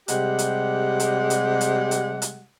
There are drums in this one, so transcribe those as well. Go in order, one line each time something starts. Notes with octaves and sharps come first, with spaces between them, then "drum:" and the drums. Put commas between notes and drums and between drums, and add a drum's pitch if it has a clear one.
C3 G3 G#3 G4 F#5, drum: hi-hat
drum: hi-hat
drum: hi-hat
drum: hi-hat
drum: hi-hat
drum: hi-hat
drum: hi-hat